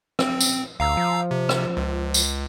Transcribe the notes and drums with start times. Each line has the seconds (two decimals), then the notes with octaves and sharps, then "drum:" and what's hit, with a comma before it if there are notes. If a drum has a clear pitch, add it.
0.19 C4, drum: rim click
0.41 drum: tambourine
0.80 D2 F5 A#5 E6
0.97 F3
1.31 C3
1.49 drum: rim click
1.77 C#2
2.14 drum: tambourine